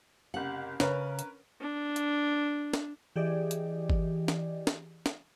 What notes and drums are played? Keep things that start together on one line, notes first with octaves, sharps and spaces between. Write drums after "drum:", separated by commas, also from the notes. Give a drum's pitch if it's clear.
F#1 C3 F#5
C#3 C#4 A#4 B4, drum: snare
drum: hi-hat
D4
drum: hi-hat
drum: snare
E3 G4 G#4 D5 D#5
drum: hi-hat
drum: kick G1
drum: snare
drum: snare
drum: snare